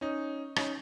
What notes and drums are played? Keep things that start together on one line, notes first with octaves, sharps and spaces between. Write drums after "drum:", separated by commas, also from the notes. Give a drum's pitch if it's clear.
C#4 D#4
C#4 D#4, drum: rim click